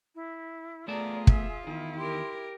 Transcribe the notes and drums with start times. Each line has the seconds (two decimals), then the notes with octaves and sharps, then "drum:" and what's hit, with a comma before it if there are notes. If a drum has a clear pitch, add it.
0.15 E4
0.88 A3 B3 F4 G#4 D5 A5 A#5
1.27 E5, drum: kick
1.67 E2 D#3 E4
1.98 G4 A#4 C6